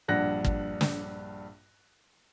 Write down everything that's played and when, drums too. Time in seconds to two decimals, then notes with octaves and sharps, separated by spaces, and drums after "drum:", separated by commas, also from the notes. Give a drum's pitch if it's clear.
0.08 A#1 G2 D4 F#5 F#6 A#6
0.44 drum: kick
0.81 drum: snare